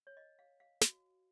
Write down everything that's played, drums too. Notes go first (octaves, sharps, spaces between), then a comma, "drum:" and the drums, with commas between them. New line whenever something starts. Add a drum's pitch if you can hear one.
C#5
D#5
F5
F5
F#4, drum: snare